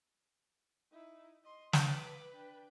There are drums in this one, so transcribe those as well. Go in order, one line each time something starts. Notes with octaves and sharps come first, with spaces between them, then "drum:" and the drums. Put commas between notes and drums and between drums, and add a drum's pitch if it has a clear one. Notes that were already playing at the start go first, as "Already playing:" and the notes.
D#4 E4
D#5 C6
B4 D6, drum: snare
D4 G5